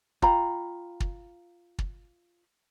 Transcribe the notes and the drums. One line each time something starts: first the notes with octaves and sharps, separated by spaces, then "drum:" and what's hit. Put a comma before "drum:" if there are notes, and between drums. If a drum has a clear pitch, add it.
F4 G5 A#5 B5, drum: kick
drum: kick
drum: kick